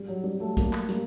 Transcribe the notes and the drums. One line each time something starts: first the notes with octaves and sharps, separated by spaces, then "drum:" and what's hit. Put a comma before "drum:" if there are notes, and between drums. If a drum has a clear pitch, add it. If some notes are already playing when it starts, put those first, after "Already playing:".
Already playing: G3
F#3
G3
F#3 A3
G3 A#3, drum: kick, hi-hat
drum: clap
G3 A#3, drum: hi-hat